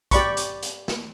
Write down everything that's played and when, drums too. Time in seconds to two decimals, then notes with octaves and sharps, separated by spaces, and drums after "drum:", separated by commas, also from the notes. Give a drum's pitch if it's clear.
0.11 G4 D5 B5 C#6, drum: kick, hi-hat
0.37 drum: hi-hat
0.63 drum: hi-hat
0.88 drum: snare